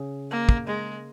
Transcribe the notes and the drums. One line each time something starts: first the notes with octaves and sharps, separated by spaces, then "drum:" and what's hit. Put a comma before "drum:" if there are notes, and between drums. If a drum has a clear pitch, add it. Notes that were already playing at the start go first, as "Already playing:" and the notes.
Already playing: C#3
A#3
drum: kick
G#3